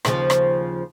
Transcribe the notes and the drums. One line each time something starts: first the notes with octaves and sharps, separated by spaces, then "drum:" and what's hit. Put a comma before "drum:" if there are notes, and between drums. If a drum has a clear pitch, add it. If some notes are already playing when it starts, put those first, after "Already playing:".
D#2 C#3 F3, drum: rim click
drum: rim click